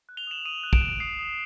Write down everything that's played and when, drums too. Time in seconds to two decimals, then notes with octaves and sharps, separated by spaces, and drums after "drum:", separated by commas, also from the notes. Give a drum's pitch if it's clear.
0.09 F#6
0.17 F7 G7
0.27 D#6 E7 F#7
0.45 D#6 D#7 F7
0.64 F#6
0.73 D7 E7, drum: kick A#1
0.82 F#6
1.00 D#6 C7
1.19 D#6